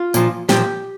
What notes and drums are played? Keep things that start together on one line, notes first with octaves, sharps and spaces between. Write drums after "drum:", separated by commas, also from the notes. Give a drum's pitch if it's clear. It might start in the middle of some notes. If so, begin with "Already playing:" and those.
Already playing: F4
A#2 F3, drum: tambourine
A#2 F3 G4, drum: snare